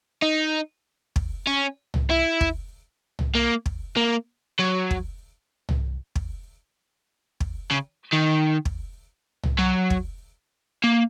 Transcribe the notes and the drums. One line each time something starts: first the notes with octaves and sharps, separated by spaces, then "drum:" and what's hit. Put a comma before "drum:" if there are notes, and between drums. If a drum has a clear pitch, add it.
D#4
drum: kick
C#4
drum: tom C2
E4
drum: kick
drum: tom C2
A#3
drum: kick
A#3
F#3
drum: kick
drum: tom C2
drum: kick
drum: kick
C#3
D#3
drum: kick
drum: tom C2
F#3
drum: kick
A#3